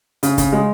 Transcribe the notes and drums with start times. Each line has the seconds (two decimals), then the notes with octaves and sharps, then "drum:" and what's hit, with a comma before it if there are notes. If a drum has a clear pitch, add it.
0.23 C#3, drum: hi-hat
0.38 C#3, drum: kick, hi-hat
0.53 G#3